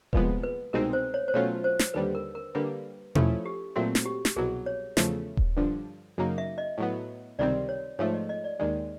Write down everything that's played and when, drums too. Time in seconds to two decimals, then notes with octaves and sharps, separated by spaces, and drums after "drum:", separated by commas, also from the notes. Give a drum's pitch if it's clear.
0.13 C2 A#2 F3 G#3 B3 B4, drum: kick D#1
0.43 B4
0.73 C2 B2 G#3 C4 D#4 A#4
0.93 C5
1.14 C#5
1.28 C5
1.34 B2 F#3 A3 C#4 F4 C#5
1.64 C5
1.79 drum: snare
1.94 D#2 D3 G3 B4
2.15 A#4
2.35 A#4
2.55 D3 G3 A#3 B4
3.15 F3 A3 C#4 E4 A4, drum: tom
3.45 G4
3.76 A#2 F#3 A3 C4 F#4
3.95 drum: snare
4.06 G4
4.25 drum: snare
4.36 C2 B2 F#3 G#4
4.66 C#5
4.97 E2 C#3 F3 A3, drum: snare
5.37 drum: kick D#1
5.57 G2 D3 F3
6.18 F#2 C#3 F#3 A#3 D#4
6.38 E5
6.58 D#5
6.78 A2 F#3 B3
7.38 C#2 C3 D#3 G3 C4 D5
7.69 C#5
7.99 G#2 F3 A3 C#5
8.14 D#5
8.29 D#5
8.44 D5
8.59 D#2 D#3 G#3 D5